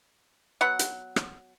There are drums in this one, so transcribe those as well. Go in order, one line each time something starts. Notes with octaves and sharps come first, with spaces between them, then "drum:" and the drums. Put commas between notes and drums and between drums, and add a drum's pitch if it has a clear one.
F#3 B3 F#5
drum: hi-hat
drum: rim click